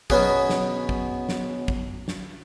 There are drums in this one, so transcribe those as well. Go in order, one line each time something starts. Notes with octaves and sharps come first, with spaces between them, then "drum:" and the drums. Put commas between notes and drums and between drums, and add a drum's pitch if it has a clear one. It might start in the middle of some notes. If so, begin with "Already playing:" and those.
B2 F#3 B3 C#4 F#4 G#4, drum: kick
drum: snare
drum: kick
drum: snare
drum: kick
drum: snare